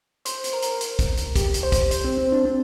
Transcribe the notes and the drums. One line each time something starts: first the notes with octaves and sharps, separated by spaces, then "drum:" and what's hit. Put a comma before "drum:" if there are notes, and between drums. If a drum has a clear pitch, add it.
C5, drum: hi-hat
drum: hi-hat
A#4
drum: hi-hat
drum: hi-hat
drum: kick, hi-hat
drum: hi-hat
G4, drum: kick, hi-hat
drum: hi-hat
C5
drum: kick, hi-hat
C5, drum: hi-hat
C4
C4
D4
C4